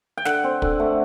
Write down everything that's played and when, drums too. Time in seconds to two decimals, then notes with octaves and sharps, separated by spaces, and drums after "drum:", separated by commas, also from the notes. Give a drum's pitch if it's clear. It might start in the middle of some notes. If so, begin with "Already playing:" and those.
0.17 G5
0.25 D3 F#5, drum: snare
0.44 C4
0.62 D3, drum: kick
0.80 A3